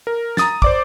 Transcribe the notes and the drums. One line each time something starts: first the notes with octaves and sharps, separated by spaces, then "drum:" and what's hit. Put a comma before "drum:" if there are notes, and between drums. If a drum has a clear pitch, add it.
A#4
A#5 D#6 A6, drum: snare
C5 D5 D6, drum: kick